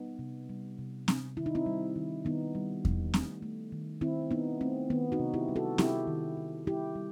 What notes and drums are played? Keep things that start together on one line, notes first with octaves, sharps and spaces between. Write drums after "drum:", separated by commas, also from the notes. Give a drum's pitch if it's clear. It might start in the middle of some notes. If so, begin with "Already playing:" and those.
Already playing: G3 B3 D#4
C3
G3
C3
C3, drum: snare C4
D#3 E4
D#4
C4 E4
G3
D#3
D#3 B3 D#4
G3
G3, drum: kick E2
A3, drum: snare C4
A3
D#3
D#3 C4 E4
D#3 B3 D#4
A3 C4
D#3 B3
D#4 F#4
C3
E4 G4
G3
F#4 A4
C3 E4 G4, drum: snare C4
D#3
D#3
G3 E4 G4
G3